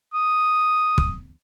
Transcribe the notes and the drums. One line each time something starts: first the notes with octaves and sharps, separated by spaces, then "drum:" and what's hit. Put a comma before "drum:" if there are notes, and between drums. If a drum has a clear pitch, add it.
D#6
drum: kick